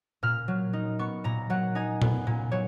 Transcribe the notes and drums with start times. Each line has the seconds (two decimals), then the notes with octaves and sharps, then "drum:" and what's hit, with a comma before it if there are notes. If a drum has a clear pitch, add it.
0.23 A#2 F6
0.48 F#3
0.73 D#4
0.99 B3 C#6
1.24 A#2 A#5
1.50 F#3 F#5
1.75 D#4 G#5
2.02 B3, drum: tom A#2
2.27 A#2
2.51 F#3 C#5